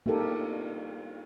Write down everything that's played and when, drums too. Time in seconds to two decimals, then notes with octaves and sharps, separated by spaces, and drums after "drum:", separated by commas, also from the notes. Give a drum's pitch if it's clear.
0.06 A#3 D#4 G4 A4 A#4, drum: cymbal